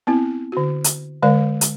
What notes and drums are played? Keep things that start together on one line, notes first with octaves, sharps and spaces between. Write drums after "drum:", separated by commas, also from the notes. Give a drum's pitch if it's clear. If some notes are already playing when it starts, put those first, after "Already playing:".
B3 C4 E4
D3 F#4
drum: hi-hat
D3 G#3 A#4 D5 F5
drum: hi-hat